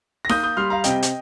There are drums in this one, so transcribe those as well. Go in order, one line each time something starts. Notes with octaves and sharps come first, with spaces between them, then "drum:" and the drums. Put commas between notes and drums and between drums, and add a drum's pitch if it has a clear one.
A#6
A#3 D#6 G6, drum: snare D#4
D#6 G6
G3 C6 F6
F5 A#5
C3 D#5 G5, drum: hi-hat
drum: hi-hat